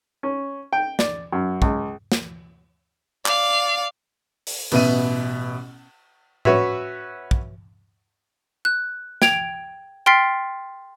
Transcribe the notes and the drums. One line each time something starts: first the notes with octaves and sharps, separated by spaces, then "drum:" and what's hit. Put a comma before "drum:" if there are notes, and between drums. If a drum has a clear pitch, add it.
C#4
G5
D5, drum: snare
F#2
C#2, drum: kick
drum: snare
D5 F5, drum: clap
drum: open hi-hat
A1 B2 B3 E5 D#7, drum: cymbal
C#4 F#4 B4 C#5 E5, drum: tom A2
drum: kick
F#6
G5 G#6 D7 F7, drum: snare
G5 C6 F6 A6 B6 C7